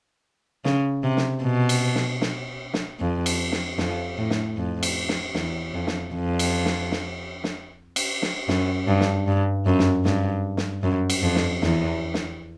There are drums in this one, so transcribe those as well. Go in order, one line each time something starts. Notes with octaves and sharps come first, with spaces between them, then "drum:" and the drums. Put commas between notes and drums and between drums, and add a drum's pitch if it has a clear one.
C#3, drum: snare
C3
drum: snare
B2
drum: cymbal
drum: snare
drum: snare
drum: snare
F2
drum: cymbal
drum: snare
F2, drum: snare
A2
drum: snare
F2
drum: cymbal
drum: snare
E2, drum: snare
F2
drum: snare
F2
drum: cymbal
drum: snare
drum: snare
drum: snare
drum: cymbal
drum: snare
F#2, drum: snare
G2
drum: snare
G2
F#2
drum: snare
G2, drum: snare
drum: snare
F#2
drum: cymbal
F2
drum: snare
E2, drum: snare
drum: snare